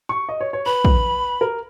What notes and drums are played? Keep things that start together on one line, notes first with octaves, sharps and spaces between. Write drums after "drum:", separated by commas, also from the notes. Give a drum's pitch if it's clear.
C#6
D#5
C#5
C#5
B4 B5
drum: kick
A#4